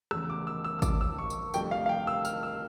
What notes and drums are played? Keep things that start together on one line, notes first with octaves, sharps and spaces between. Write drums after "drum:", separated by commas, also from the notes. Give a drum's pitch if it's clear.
F1 E2 C#3 E6, drum: rim click
D6
E6
E6
E6
D6, drum: kick, tambourine
E6
C#6
drum: tambourine
F1 F2 D3 G3 G5, drum: tambourine
F5
F5
G5
E6
F6, drum: tambourine
E6